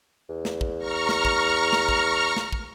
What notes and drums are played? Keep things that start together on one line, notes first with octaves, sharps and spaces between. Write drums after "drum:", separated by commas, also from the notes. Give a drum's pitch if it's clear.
E2
drum: snare
drum: kick
A#5 C#6 F6
drum: snare
drum: kick
drum: snare
drum: kick
drum: snare
drum: kick